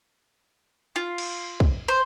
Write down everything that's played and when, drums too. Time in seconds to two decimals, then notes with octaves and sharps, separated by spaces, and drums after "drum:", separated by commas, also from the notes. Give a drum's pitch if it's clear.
0.96 F4
1.18 drum: cymbal
1.60 drum: kick
1.88 C5